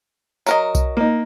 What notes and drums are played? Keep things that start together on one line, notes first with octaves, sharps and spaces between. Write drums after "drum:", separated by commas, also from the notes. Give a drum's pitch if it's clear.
F#3 A#4 D#5, drum: tambourine
drum: kick B1, tambourine
A#3 D#4